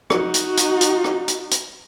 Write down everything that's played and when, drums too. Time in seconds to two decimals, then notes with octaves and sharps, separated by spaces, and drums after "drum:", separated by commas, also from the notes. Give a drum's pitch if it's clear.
0.10 D#4 F#4, drum: rim click
0.34 drum: hi-hat
0.57 drum: hi-hat
0.81 drum: hi-hat
1.04 drum: rim click
1.28 drum: hi-hat
1.51 drum: hi-hat